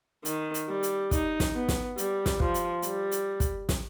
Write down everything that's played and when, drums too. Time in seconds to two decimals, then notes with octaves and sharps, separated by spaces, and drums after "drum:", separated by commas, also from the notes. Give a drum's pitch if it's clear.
0.25 D#3, drum: hi-hat
0.54 drum: hi-hat
0.68 G3
0.83 drum: hi-hat
1.11 D#4, drum: kick, hi-hat
1.40 drum: snare
1.54 B3
1.69 drum: snare
1.98 G3, drum: hi-hat
2.26 drum: snare
2.40 F3, drum: kick
2.54 drum: hi-hat
2.82 G3, drum: hi-hat
3.12 drum: hi-hat
3.40 drum: kick, hi-hat
3.69 drum: snare